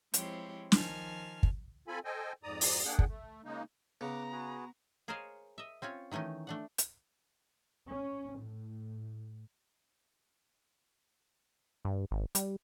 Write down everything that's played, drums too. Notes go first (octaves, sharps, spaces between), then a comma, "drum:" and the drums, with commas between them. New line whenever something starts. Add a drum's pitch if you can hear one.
F3 G#3 C4 E4 G4 C#5, drum: hi-hat
D#3 F3 G#5 A5 F6, drum: snare
drum: kick
C4 F4 A4 G#5 B5
A4 C5 D#5 G5 G#5
F2 G#2 D5 A#5 D#6
drum: open hi-hat
A#3 D4 G#4 F#5 G5
drum: kick
A3
C#3 G#3 A#3 D#4
C#3 B3 F#5 A#5 D6
F#4 G#4 B4
G#4 A#4 C5 C#5 D#5 F5
D#5 E5
C4 C#4 F4 C#5
D#3 E3 A3 C#4 D#4
A3 D4 F#5
drum: hi-hat
C#4
A2
G2
G#1
G3, drum: hi-hat